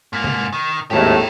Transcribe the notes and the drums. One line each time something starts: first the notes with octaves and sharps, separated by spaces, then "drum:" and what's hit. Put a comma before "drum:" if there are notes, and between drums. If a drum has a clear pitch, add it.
G#2 A#3
drum: tom C3
D#3
G#1 D#2 A2 G4 A#4